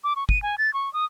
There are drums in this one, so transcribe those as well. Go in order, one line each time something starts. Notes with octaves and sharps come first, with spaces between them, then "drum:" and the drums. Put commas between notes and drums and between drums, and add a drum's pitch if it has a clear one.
D6
C#6
D#7, drum: kick
G#5
A6
C#6
D#6